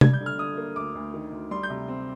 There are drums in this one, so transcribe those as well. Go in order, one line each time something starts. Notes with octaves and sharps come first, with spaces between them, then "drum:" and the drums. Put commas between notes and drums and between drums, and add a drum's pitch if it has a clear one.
G3 G#6, drum: tom
G6
D3
F6
D3 D#6
A#3
D2 D6
D2
D#3
D2
G3 C6
G6
C3
C4